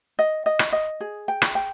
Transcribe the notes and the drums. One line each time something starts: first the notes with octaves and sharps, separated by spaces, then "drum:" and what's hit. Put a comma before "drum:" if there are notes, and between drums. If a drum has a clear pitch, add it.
D#5
D#5
drum: rim click
D#5
G#4
G5
drum: rim click
G5